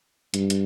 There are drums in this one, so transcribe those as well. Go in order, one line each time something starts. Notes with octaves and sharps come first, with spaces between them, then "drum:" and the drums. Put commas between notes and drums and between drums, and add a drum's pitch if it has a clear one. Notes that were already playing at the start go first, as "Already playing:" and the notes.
G2, drum: hi-hat
drum: hi-hat